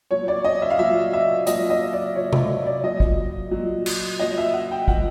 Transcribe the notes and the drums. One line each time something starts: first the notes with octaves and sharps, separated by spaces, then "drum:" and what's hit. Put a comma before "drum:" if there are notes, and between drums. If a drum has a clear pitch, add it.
A#2 F#3 C#5
D5
D#5
E5
F5
A#2 F#3 E5
E5
A#2 F#3 D#5, drum: hi-hat
D#5
D5
A#2 F#3 C#5
D5, drum: tom C3
D5
A#2 F#3 D#5
drum: kick
A#2 F#3
drum: cymbal
A#2 F#3 D#5
E5
F#5
G5
A#2 F#3 F#5, drum: kick